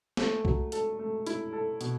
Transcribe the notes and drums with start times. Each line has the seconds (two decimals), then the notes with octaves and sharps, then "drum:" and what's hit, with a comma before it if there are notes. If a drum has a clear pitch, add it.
0.17 A3, drum: snare
0.45 F#3, drum: kick C2
0.72 A4, drum: hi-hat
0.99 A3
1.27 E4, drum: hi-hat
1.53 A4
1.81 B2, drum: hi-hat